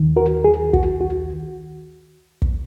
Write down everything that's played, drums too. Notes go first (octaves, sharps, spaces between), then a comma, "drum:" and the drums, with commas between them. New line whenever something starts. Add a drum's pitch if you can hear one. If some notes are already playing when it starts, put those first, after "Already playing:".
Already playing: D#2 D#3
F#4 A#4
G#4
F#4, drum: kick
F#4
drum: kick